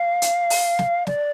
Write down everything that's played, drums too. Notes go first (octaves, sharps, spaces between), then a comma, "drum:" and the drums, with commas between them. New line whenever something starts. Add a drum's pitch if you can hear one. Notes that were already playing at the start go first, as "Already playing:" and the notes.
Already playing: F5
drum: hi-hat
drum: open hi-hat
drum: snare
D5, drum: snare